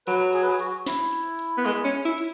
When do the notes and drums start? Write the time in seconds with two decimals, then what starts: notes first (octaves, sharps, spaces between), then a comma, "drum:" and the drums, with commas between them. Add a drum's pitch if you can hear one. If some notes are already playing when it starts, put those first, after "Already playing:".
0.07 F#3 B4, drum: hi-hat
0.33 G#4, drum: hi-hat
0.42 B4
0.51 G#4
0.59 F#4, drum: hi-hat
0.86 E4, drum: snare
1.13 drum: hi-hat
1.39 drum: hi-hat
1.57 B3
1.66 G#3, drum: hi-hat
1.85 C#4
2.05 E4
2.18 drum: hi-hat